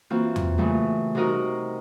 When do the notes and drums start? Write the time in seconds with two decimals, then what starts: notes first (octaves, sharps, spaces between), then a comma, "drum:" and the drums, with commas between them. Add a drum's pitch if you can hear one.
0.10 E3 A#3 C4 F4 F#4
0.36 drum: tom E2
0.57 A#2 C#3 E3 G3 A3 B3
1.15 C3 D#4 F#4 A#4 D#5